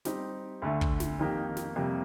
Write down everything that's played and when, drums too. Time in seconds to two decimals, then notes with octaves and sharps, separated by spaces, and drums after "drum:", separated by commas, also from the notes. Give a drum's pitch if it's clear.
0.05 G3 C4 D#4 G4, drum: snare
0.62 D2 D3 A3
0.81 drum: kick
1.00 drum: snare
1.19 F2 D#3 A#3 D#4 G4
1.57 drum: snare
1.76 F2 C3 G3 A#3